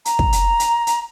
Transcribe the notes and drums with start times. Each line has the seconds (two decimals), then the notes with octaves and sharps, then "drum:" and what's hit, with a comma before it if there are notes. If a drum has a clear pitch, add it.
0.05 A#5, drum: hi-hat
0.19 drum: kick
0.32 drum: hi-hat
0.60 drum: hi-hat
0.87 drum: hi-hat